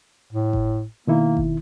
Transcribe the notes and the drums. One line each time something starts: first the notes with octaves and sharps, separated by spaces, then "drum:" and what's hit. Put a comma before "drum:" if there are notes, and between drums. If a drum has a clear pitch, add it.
A2
drum: kick G1
B2 D#3 A#3 E4
drum: kick G1